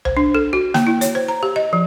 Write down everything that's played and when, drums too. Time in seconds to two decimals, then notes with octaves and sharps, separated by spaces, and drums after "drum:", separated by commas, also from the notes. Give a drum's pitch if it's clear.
0.05 C5, drum: tom C2
0.17 D4
0.35 A4
0.53 F#4
0.74 A#3, drum: snare
0.87 E4
1.01 C#5, drum: hi-hat
1.15 C5
1.28 A#5
1.43 G4
1.56 D#5
1.73 F3